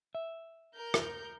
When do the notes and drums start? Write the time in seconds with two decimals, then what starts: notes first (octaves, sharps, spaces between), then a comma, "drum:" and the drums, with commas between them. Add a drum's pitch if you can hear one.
0.15 E5
0.76 A#4 G6
0.94 drum: rim click